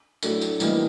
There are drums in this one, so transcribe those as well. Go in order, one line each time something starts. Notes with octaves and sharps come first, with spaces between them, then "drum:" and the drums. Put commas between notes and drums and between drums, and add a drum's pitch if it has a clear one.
A2 F#3 A3 D4, drum: tambourine
drum: tambourine
A2 E3 G3 A#3 D#4, drum: tambourine